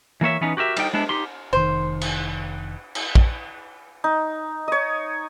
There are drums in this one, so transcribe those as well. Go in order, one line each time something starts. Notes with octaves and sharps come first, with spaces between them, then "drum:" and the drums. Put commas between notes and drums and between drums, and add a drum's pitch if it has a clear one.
E3 A#3 C#5 E5
E3 B3 C#4 D#4
F#4 G4 A#4 E5
G3 D#4 G5, drum: cymbal
G#3 B3 D4 E4
D#4 G4 C6
F1 D#3 C5
drum: cymbal
drum: cymbal
drum: kick
D#4
C#5 D#5